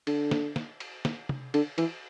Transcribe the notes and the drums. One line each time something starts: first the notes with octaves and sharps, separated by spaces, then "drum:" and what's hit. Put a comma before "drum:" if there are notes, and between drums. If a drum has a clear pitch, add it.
D3, drum: cymbal
drum: snare
drum: snare
drum: cymbal
drum: snare
drum: tom
D3, drum: cymbal
E3, drum: cymbal